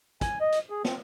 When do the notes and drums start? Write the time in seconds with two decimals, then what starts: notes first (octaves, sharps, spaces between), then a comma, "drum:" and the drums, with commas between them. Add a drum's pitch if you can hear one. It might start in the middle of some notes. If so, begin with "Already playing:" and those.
0.21 G#5, drum: kick, hi-hat
0.41 D#5
0.52 drum: hi-hat
0.70 G#4
0.85 C4, drum: snare